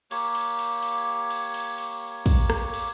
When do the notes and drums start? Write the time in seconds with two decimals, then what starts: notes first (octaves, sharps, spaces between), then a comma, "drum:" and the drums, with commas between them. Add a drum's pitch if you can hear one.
0.11 A#3 G4 C#5, drum: cymbal
0.35 drum: cymbal
0.59 drum: cymbal
0.83 drum: cymbal
1.30 drum: cymbal
1.54 drum: cymbal
1.78 drum: cymbal
2.26 drum: kick, cymbal
2.50 drum: rim click
2.73 drum: cymbal